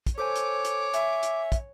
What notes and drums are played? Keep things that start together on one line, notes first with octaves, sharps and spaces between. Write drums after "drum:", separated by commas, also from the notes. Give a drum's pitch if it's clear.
drum: kick, hi-hat
A4 C5 C#5 G#5 D6
drum: hi-hat
drum: hi-hat
E5 G#5, drum: hi-hat
drum: hi-hat
drum: kick, hi-hat